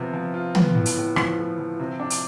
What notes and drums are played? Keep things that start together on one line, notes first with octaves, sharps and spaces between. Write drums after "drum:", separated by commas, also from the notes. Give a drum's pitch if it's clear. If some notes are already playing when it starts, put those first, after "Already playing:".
Already playing: C3 F3 B3 F4
F3
F4
B3, drum: tom
A2
drum: hi-hat
A2
F3, drum: rim click
A2
F3
C3
D4
drum: hi-hat